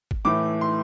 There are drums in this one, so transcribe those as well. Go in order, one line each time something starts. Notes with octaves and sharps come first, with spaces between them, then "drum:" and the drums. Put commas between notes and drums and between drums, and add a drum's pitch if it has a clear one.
drum: kick G1
A2 E3 A3 D6
C6